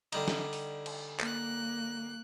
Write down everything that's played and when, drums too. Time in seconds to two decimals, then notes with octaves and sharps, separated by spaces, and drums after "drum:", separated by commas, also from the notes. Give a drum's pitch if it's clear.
0.12 D3 G3 D#4, drum: cymbal
0.28 drum: snare
0.53 drum: open hi-hat
0.86 drum: cymbal
1.20 A#3 F#6, drum: clap